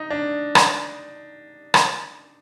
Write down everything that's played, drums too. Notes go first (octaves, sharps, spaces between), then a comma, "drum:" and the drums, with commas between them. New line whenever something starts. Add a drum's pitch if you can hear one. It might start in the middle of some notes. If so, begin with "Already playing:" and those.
Already playing: D#4
D4
drum: rim click
drum: rim click